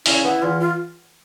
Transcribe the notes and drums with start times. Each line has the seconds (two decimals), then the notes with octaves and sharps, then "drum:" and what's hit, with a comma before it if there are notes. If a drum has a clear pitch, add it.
0.06 C#3 E4, drum: open hi-hat
0.24 B3 E4
0.42 E2 F4
0.60 F4